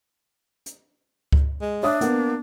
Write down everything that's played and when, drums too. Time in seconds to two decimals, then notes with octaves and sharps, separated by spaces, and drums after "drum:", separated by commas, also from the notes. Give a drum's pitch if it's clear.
0.66 drum: hi-hat
1.32 drum: kick C#2
1.61 G#3
1.83 D4 C#5 E5 D#6
2.01 A#3 B3, drum: hi-hat